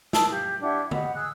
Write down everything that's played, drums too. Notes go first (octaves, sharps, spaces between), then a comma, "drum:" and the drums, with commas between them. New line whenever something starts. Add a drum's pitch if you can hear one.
A5 D#6 E6, drum: snare
G4 F5
D4 E4 G4 F#5
G4 D#5 F#5 B5, drum: tom D3
G#4 E6 F#6